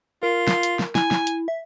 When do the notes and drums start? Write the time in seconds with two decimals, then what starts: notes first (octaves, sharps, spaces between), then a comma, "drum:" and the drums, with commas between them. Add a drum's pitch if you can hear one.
0.23 F4 A#4
0.47 drum: snare
0.63 drum: hi-hat
0.79 drum: snare
0.95 E4 G#5, drum: snare
1.11 drum: snare
1.27 drum: hi-hat
1.48 E5